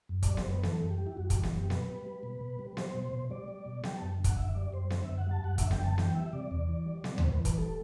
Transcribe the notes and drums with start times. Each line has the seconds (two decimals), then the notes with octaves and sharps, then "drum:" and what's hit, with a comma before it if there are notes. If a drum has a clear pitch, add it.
0.09 F#2
0.23 D5, drum: kick, hi-hat
0.28 G3
0.37 C5, drum: snare B3
0.45 F#2 B4
0.63 E3 A4, drum: snare B3
0.81 F#2
0.90 G4
0.99 G3
1.07 E4
1.16 F#2 F#4
1.30 E3 G4, drum: kick, hi-hat
1.43 drum: snare B3
1.53 F#2 G4
1.70 B2 B4, drum: snare B3
1.89 G3
2.06 G3
2.23 B2
2.41 B2
2.59 G3
2.77 G3 C5, drum: snare B3
2.95 B2
3.13 B2
3.31 G3 D5
3.48 G3
3.66 B2
3.83 G3 G5, drum: snare B3
3.97 F#2 A5
4.19 D3
4.24 F#5, drum: kick, hi-hat
4.37 F#2 E5
4.55 G3 D5
4.73 F#2 C5
4.90 D3 C5, drum: snare B3
5.04 E5
5.09 F#2
5.17 F#5
5.26 G3 A5
5.44 F#2 F#5
5.58 D3 E5, drum: kick, hi-hat
5.71 G5, drum: snare B3
5.80 F#2 A5
5.98 E3 G5, drum: snare B3
6.15 G3 E5
6.33 C3 D5
6.51 E2
6.69 E3
6.86 G3
7.04 C3 D5, drum: snare B3
7.18 E2 C5, drum: tom D2
7.32 B4
7.40 E3
7.45 B4, drum: kick, hi-hat
7.58 G3 A4